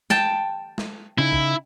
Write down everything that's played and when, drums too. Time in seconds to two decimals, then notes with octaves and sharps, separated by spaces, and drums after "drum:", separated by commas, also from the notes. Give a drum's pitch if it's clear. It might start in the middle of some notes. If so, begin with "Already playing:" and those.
0.10 G5 A5, drum: snare
0.78 drum: snare
1.18 C#3 D#4 E4
1.32 drum: kick